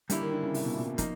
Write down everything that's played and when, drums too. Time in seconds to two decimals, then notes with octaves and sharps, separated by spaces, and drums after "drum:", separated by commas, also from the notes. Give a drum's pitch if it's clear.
0.10 D3 G3 A#3 C#4 E4 G4, drum: hi-hat
0.22 D#3
0.32 D3
0.43 C#3
0.54 C3, drum: open hi-hat
0.65 B2
0.76 A#2
0.87 B2
0.98 F3 A#3 D#4, drum: kick, hi-hat